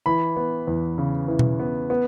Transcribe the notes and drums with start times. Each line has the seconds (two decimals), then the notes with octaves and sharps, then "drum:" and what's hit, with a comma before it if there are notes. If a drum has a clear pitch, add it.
0.06 E3 B5
0.37 B3
0.67 E2
0.98 C#3
1.28 E3
1.39 drum: tom B2
1.60 B3
1.90 B3